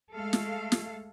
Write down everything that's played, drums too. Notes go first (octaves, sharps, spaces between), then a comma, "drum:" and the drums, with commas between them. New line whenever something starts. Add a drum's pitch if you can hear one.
G#3 A3 A4 F5
drum: snare
drum: snare